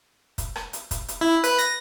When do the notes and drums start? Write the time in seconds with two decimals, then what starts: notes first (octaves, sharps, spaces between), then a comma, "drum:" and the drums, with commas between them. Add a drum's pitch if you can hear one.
0.38 drum: kick, hi-hat
0.56 drum: rim click
0.73 drum: hi-hat
0.91 drum: kick, hi-hat
1.08 drum: hi-hat
1.21 E4
1.44 B4, drum: hi-hat
1.59 A#6, drum: hi-hat